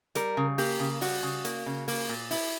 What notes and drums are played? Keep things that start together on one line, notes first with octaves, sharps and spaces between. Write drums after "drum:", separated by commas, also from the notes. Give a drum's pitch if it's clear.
G3 A#4, drum: hi-hat
C#3
A#3 G4, drum: open hi-hat
C#3
G3 F#4, drum: open hi-hat
C#3
A#3, drum: hi-hat
C#3
A#3, drum: open hi-hat
A#2
E4, drum: open hi-hat